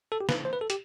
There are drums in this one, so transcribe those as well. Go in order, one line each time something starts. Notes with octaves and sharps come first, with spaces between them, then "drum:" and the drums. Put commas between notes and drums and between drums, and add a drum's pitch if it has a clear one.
A4
G4
B4, drum: snare
C5
B4
A4
G4, drum: hi-hat